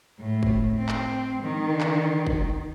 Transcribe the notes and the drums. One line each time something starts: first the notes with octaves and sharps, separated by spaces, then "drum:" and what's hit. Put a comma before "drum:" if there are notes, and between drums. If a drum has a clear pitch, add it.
A2
drum: kick
C4
drum: clap
D#3
drum: clap
drum: kick